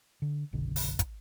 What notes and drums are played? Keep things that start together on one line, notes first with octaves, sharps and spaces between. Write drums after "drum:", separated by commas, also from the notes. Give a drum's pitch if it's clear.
D3
F#1 B1 B2 D3
drum: open hi-hat
drum: kick, hi-hat